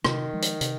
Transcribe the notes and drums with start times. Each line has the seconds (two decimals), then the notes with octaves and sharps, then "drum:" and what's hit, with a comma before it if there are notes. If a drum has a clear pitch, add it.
0.04 C3 D#3, drum: rim click
0.33 F3 G#3
0.42 drum: hi-hat
0.61 C3, drum: hi-hat